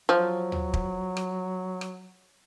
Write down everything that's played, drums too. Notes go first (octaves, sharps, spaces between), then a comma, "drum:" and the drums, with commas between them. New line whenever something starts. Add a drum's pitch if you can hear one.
F3 F#3
drum: tom
drum: kick
drum: rim click
drum: rim click